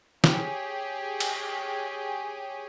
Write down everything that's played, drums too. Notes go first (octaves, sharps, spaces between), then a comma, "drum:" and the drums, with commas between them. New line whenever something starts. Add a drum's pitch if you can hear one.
G4 G#4 C#5 G#5, drum: snare
drum: cymbal